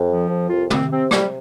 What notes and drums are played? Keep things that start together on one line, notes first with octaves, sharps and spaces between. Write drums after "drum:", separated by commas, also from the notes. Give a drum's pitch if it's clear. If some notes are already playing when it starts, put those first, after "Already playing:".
Already playing: F2
F3
F2
C2 F4
C3 C4, drum: tom
C3 C4
C3 G3, drum: rim click